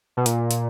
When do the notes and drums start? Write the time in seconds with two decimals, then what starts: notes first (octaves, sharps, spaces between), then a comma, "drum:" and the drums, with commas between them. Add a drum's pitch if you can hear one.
0.17 B2
0.26 A#2, drum: hi-hat
0.51 drum: hi-hat